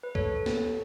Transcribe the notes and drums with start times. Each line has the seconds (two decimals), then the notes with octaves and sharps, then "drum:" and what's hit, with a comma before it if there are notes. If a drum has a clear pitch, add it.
0.03 B4
0.15 A4 C#5, drum: kick C#2
0.46 drum: snare